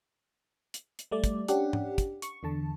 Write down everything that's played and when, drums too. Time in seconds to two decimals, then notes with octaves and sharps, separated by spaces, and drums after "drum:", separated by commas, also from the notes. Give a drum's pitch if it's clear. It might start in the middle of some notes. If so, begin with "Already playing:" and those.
0.74 drum: hi-hat
0.99 drum: hi-hat
1.11 G3 A3 D5
1.24 drum: kick, hi-hat
1.48 C#4 D4 G4 F#5, drum: hi-hat
1.73 drum: tom G#2
1.98 drum: kick, hi-hat
2.22 C#6, drum: hi-hat
2.43 E2 D3 A5